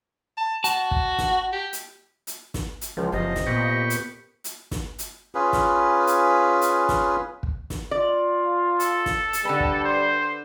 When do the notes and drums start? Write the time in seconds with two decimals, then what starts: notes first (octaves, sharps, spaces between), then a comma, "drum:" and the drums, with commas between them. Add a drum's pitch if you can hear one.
0.37 A5
0.64 F#4 A5, drum: hi-hat
0.91 drum: kick
1.18 drum: snare
1.53 G4
1.73 drum: hi-hat
2.27 drum: hi-hat
2.54 drum: snare
2.81 drum: hi-hat
2.97 C#2 F3
3.12 F#1 C3 F3 D#5
3.36 drum: snare
3.47 A#2 B3 G4 C#6
3.90 drum: hi-hat
4.44 drum: hi-hat
4.71 drum: snare
4.99 drum: hi-hat
5.35 C#4 F4 G#4 B4
5.53 drum: snare
6.07 drum: hi-hat
6.62 drum: hi-hat
6.89 drum: snare
7.43 drum: kick
7.70 drum: snare
7.91 F4 D5
8.80 A4, drum: hi-hat
9.06 drum: snare
9.33 drum: hi-hat
9.45 D3 G3 B4
9.60 drum: kick
9.84 C5